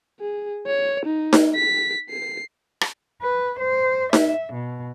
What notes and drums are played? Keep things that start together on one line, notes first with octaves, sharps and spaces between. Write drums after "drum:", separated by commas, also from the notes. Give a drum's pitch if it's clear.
G#4
C#5
D#4
drum: snare D#4
B6
C7
drum: rim click
B4
C5
E5, drum: snare D#4
B2